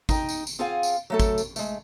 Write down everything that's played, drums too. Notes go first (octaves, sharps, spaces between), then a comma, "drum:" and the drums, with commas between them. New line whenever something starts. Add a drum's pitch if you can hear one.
D#4 G5, drum: kick G#1, tambourine
drum: tambourine
drum: tambourine
C4 F4 G#4 F5 F#5 G#5
drum: tambourine
F#3 A3 A4
drum: kick G#1, tambourine
drum: tambourine
G#3 A3, drum: tambourine